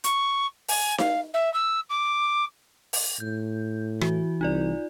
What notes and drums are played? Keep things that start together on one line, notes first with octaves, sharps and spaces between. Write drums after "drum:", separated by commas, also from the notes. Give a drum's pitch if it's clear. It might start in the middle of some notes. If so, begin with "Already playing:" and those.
C#6, drum: hi-hat
G#5, drum: open hi-hat
F5, drum: snare D#4
E5
E6
D6
drum: open hi-hat
A2 G6
E3 F#4, drum: rim click
C2 D#4 F4 D5